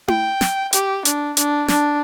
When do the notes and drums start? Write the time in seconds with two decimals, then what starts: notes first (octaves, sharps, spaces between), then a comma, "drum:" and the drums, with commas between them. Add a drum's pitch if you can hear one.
0.08 G5, drum: tom E4
0.41 drum: snare
0.73 G4, drum: hi-hat
1.05 D4, drum: hi-hat
1.37 D4, drum: hi-hat
1.68 D4, drum: snare